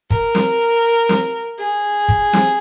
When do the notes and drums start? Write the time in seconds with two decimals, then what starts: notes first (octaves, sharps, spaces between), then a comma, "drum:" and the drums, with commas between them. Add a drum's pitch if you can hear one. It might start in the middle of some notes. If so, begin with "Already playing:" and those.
0.10 A#4, drum: kick
0.35 drum: snare
1.09 drum: snare
1.59 G#4
2.08 drum: kick
2.33 drum: snare